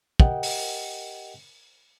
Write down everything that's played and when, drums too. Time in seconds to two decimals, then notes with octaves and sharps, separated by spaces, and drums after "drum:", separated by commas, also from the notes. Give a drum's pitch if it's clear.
0.20 G4 A#4 D#5 F#5 G5, drum: kick
0.43 drum: open hi-hat